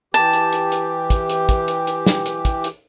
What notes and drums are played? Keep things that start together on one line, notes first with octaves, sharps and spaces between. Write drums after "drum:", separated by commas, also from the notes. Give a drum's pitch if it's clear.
E3 G4 A5
drum: hi-hat
drum: hi-hat
drum: hi-hat
drum: kick, hi-hat
drum: hi-hat
drum: kick, hi-hat
drum: hi-hat
drum: hi-hat
drum: snare
drum: hi-hat
drum: kick, hi-hat
drum: hi-hat